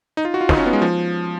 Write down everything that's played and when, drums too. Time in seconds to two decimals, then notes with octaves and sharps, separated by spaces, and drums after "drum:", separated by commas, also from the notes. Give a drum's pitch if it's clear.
0.17 D#4
0.25 F4
0.34 F#4
0.41 F4
0.49 D#4, drum: snare
0.58 C#4
0.66 B3
0.73 G#3
0.82 F3